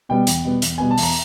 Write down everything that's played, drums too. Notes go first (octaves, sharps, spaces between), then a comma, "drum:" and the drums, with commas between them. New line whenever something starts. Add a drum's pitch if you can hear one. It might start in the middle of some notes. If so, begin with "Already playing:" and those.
B2 G3 B3 G5
E2, drum: hi-hat
B2 G3 B3
E2, drum: hi-hat
B2 G3 B3 G#5
A5
E2, drum: open hi-hat
A#5